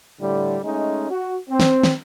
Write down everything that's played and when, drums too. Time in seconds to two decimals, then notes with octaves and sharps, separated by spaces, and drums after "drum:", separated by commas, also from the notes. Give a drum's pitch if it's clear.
0.20 A2 D3 G3
0.64 G#3 A3 C#4 D#4
1.11 F#4
1.50 C4
1.60 drum: snare
1.84 drum: snare